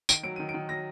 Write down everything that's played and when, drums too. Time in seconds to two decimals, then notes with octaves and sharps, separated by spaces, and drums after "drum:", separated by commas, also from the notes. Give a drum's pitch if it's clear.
0.09 D#3 D7, drum: tambourine
0.23 F#3 D7
0.36 D#3 D#7
0.49 D7
0.54 D#3
0.69 F#3 A#6